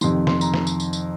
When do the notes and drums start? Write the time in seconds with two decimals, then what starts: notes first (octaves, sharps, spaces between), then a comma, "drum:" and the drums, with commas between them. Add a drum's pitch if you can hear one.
0.01 F2 C3 D#3 C6, drum: tambourine
0.27 C6, drum: snare
0.41 A#5, drum: tambourine
0.54 drum: snare
0.67 drum: tambourine
0.80 drum: tambourine
0.93 drum: tambourine